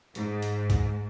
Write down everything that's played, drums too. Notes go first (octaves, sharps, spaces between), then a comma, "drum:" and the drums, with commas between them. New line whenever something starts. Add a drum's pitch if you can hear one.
G#2, drum: hi-hat
drum: hi-hat
drum: kick B1, hi-hat